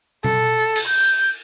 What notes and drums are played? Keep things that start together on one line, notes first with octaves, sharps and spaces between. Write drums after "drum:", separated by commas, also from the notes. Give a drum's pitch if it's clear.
A4, drum: tom B2
drum: cymbal
G6